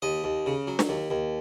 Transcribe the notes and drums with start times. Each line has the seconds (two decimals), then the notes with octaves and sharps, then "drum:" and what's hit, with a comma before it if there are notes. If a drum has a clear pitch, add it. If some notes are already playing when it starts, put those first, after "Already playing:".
0.02 D#2 D#5
0.24 D#2
0.46 C#3
0.68 F#3
0.79 drum: snare
0.89 D#2
1.10 D#2